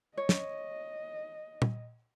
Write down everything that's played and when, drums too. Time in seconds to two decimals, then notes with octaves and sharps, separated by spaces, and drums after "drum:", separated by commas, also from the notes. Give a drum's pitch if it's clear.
0.17 C#5 D#5
0.29 drum: snare
1.62 drum: tom